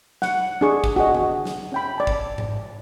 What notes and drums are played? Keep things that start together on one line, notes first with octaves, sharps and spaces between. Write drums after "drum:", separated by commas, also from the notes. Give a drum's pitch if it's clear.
F#5, drum: snare
D4 G#4 C#6
drum: kick
F#4 G#4 D#5
drum: tom D3
drum: snare
C#4 G5 B5
D5 A5
drum: kick
drum: tom G#2